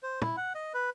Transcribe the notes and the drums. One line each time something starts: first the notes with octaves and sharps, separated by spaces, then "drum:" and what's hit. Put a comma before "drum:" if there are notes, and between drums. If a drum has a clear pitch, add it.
C5
E4, drum: tom
F#5
D#5
B4